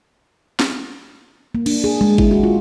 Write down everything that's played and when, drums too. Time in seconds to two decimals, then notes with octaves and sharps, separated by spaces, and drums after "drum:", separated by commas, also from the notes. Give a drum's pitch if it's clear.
0.60 drum: snare
1.55 A#3
1.66 D4, drum: cymbal
1.84 G#4
2.01 G#3
2.18 E4, drum: kick G1
2.31 F#4
2.43 F4